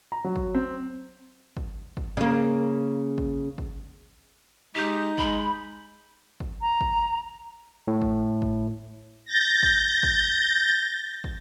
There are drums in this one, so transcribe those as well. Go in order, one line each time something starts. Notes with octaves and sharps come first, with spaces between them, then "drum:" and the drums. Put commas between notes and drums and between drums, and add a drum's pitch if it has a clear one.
A#5
F#3
drum: kick
C4
drum: kick
drum: kick
C#3 A#3
drum: kick
drum: kick
G#3 D#4 G4 G6 B6
G#3 B5, drum: kick
drum: kick
A#5
drum: kick
A2
drum: kick
drum: kick
G6 A6 A#6
drum: kick
drum: kick
drum: kick